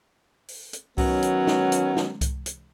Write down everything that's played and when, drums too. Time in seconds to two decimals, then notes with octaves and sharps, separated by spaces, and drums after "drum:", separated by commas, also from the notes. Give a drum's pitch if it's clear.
0.48 drum: open hi-hat
0.73 drum: hi-hat
0.98 D#3 F#3 B3 C#4, drum: kick C2, open hi-hat
1.22 drum: hi-hat
1.47 drum: snare
1.72 drum: hi-hat
1.97 drum: snare
2.21 drum: kick C2, hi-hat
2.46 drum: hi-hat